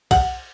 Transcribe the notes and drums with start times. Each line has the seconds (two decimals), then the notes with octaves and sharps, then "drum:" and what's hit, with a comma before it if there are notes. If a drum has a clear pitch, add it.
0.11 F#5, drum: kick B1, cymbal